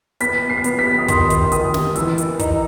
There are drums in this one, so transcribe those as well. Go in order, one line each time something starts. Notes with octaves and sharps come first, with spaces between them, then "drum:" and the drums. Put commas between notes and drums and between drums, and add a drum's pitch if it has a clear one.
B3 B6, drum: hi-hat
C7
B3, drum: hi-hat
B6
D#6
D#3 C6, drum: kick, hi-hat
drum: kick, hi-hat
C6
D#3 D#6, drum: hi-hat
drum: snare
E3 E6, drum: hi-hat
drum: hi-hat
D#4, drum: kick, hi-hat